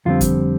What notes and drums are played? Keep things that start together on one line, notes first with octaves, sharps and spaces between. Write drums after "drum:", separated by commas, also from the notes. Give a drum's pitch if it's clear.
F2 D3 G3 C4 F4
drum: kick, hi-hat